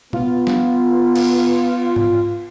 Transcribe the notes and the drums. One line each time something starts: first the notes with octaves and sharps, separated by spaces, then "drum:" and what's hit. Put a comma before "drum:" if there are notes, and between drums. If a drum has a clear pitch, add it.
B3 F4, drum: tom
drum: snare
drum: cymbal
drum: tom G#2